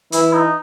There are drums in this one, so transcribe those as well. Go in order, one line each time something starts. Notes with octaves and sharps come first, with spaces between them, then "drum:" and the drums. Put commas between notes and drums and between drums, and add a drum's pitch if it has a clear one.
E3 E4, drum: hi-hat
D#4